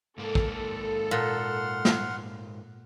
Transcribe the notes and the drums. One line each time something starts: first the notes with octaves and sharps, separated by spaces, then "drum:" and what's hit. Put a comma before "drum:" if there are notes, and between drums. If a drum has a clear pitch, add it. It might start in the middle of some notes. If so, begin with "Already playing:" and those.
G#2 A#3 A4
drum: kick
A#2 F#5 C6 F6
drum: snare